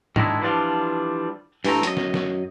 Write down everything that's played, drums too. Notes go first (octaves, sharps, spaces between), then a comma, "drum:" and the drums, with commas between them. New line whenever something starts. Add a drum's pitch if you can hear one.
D#3 F3 G#3 D4 E4, drum: tom G#2
E3 F3 G3 D4 F4
G2 E3 A3 C4 A#5, drum: open hi-hat
F#2 D#5, drum: hi-hat
drum: snare
drum: snare